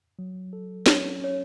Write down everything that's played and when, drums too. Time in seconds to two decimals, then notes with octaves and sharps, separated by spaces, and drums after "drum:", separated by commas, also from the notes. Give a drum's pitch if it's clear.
0.19 F#3
0.53 A4
0.86 C#4 C#5, drum: snare
1.20 C#4 C#5